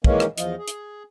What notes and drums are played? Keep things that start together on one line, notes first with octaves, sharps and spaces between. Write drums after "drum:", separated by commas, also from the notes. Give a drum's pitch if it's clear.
D#3 E3 G#3 A#3 C#4, drum: kick
drum: rim click
E2 F3 F4 D#5, drum: hi-hat
G#4
drum: hi-hat